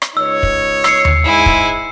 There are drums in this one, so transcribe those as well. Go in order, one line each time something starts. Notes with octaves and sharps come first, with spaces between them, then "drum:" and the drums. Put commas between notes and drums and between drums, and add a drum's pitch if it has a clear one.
drum: rim click
C#2 D#4 C#5 E6
drum: kick
E6 C7 C#7, drum: rim click
drum: tom D#2
G#2 G#3 E4 G#5
drum: kick